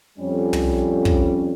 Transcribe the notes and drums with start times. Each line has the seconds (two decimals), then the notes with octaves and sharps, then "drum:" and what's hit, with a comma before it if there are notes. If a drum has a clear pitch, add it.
0.19 F2 G3 C#4
0.53 drum: tom
1.05 drum: kick